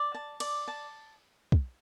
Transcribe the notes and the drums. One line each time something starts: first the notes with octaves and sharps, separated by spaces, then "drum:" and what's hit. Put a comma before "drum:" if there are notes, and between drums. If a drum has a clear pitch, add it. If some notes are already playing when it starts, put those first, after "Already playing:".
Already playing: D5
A5
D5, drum: cymbal
A5
drum: kick